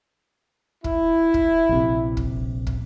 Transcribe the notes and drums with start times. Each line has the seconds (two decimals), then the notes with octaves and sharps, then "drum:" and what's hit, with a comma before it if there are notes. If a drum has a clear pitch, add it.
0.84 E4, drum: kick
1.34 drum: kick
1.69 A#1 C3
2.17 drum: kick
2.67 drum: kick